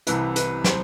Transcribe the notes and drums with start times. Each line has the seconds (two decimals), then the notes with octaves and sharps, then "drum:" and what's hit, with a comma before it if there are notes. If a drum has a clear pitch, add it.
0.07 C2 C3 E3 B4, drum: hi-hat
0.36 B4, drum: hi-hat
0.64 C5, drum: snare